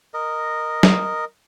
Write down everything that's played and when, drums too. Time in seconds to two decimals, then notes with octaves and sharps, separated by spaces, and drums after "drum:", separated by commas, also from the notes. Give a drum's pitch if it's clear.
0.14 A#4 D#5
0.83 drum: snare